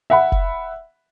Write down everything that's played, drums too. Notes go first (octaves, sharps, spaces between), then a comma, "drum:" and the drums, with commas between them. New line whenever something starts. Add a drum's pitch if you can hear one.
E5 F#5 B5
drum: kick F1